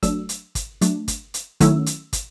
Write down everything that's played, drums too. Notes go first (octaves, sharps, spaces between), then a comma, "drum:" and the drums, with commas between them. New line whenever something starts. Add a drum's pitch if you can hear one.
F#3 A3 D4 E6, drum: kick, hi-hat
drum: hi-hat
drum: kick, hi-hat
F#3 A3 D4, drum: hi-hat
drum: kick, hi-hat
drum: hi-hat
D#3 F#3 A3 C#4 E4 E6, drum: kick, hi-hat
drum: hi-hat
drum: kick, hi-hat